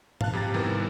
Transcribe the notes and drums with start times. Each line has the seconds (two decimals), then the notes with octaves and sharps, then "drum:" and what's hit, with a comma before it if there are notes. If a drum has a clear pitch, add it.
0.21 F5 A5 F#6, drum: tom G#2
0.33 F2 G4 A#5 A6
0.54 C3 D#3 E3 G3 B3 A#4